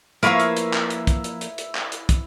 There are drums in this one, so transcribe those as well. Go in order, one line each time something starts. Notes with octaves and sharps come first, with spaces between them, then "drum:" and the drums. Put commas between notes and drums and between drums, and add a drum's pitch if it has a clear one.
F3 A#3 E4 A#4 B4 E5 F5 C#6, drum: hi-hat
drum: hi-hat
drum: hi-hat
drum: clap
drum: hi-hat
drum: kick, hi-hat
drum: hi-hat
drum: hi-hat
drum: hi-hat
drum: clap
drum: hi-hat
drum: kick, hi-hat